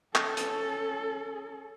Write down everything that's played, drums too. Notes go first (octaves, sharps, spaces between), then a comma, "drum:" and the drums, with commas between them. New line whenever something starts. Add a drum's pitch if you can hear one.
C#4 A4, drum: clap
drum: hi-hat